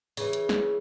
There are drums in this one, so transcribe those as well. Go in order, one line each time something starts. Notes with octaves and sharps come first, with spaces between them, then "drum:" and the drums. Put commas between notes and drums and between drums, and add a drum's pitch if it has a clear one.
C#3 E3, drum: open hi-hat
drum: hi-hat
drum: snare